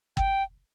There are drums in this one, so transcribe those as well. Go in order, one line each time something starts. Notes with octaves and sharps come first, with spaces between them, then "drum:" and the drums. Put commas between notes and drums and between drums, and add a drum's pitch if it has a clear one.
G5, drum: kick